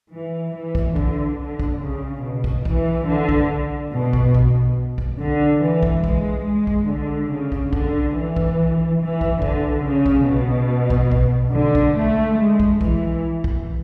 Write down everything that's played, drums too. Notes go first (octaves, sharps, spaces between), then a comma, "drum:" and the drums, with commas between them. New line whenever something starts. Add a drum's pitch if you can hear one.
E3
E3
drum: kick
D3, drum: kick
D3
drum: kick
C#3
B2
drum: kick
E3, drum: kick
D3
drum: kick
B2
drum: kick
drum: kick
drum: kick
D3
E3
drum: kick
G#3, drum: kick
G#3
drum: kick
D3
C#3
drum: kick
D3, drum: kick
E3
drum: kick
E3
drum: kick
D3, drum: kick
C#3
drum: kick
B2
drum: kick
drum: kick
D3
drum: kick
A3
G#3
drum: kick
E3, drum: kick
drum: kick